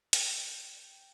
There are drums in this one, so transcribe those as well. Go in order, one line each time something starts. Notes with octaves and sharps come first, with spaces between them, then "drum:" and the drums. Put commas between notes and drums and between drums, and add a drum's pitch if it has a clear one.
G5, drum: hi-hat